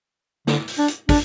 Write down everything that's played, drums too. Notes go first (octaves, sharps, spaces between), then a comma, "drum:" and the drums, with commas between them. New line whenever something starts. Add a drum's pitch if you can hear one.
D3, drum: snare
drum: open hi-hat
D4
drum: hi-hat
D4, drum: kick, open hi-hat